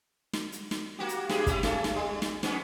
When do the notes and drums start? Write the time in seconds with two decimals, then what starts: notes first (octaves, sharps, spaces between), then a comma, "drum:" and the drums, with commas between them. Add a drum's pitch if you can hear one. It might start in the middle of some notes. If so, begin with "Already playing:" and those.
0.33 drum: snare
0.52 drum: hi-hat
0.71 drum: snare
0.99 A#3 F#4 G4
1.09 drum: hi-hat
1.29 F#2 G4 G#4, drum: snare
1.46 G3 C#4 E4, drum: kick, hi-hat
1.63 A3 C#4 A4, drum: snare
1.84 drum: snare
1.95 G3
2.22 drum: snare
2.43 F2 B3 C#4, drum: snare